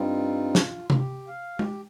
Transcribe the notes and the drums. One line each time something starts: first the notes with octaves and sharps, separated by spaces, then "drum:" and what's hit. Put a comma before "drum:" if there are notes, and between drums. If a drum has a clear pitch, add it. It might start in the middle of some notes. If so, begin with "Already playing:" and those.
Already playing: G2 G3 C4 D#4 F4
drum: snare
F4, drum: tom
G4
F5
G4, drum: tom